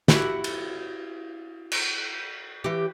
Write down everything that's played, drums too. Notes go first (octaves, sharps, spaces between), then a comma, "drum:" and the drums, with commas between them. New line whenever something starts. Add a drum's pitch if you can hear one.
E4 F#4 G4, drum: snare
drum: cymbal
drum: cymbal
E3 G4